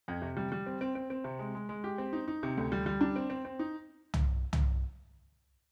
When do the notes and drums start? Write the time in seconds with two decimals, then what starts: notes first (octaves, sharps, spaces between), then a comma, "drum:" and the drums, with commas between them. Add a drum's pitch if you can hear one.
0.08 F2
0.22 C3
0.37 G3
0.52 G3
0.66 C4
0.81 C4
0.95 C4
1.10 C4
1.24 C3
1.39 G#3
1.55 G#3
1.69 G#3
1.84 G4
1.98 C4
2.13 D#4
2.28 D#4
2.43 C3
2.57 D2
2.72 G3
2.86 G3
3.01 D4
3.16 C4
3.30 C4
3.45 C4
3.59 D#4
4.14 drum: tom
4.53 drum: tom